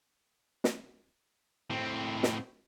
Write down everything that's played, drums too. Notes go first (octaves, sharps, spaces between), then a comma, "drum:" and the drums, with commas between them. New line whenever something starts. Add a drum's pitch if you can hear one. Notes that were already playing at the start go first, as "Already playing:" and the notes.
drum: snare
A2 C4
drum: snare